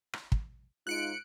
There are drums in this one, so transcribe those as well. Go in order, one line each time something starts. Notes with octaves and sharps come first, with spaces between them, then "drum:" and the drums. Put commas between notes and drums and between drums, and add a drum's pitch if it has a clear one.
drum: rim click
drum: kick
G#2 D#4 F4 F#6 C#7 D7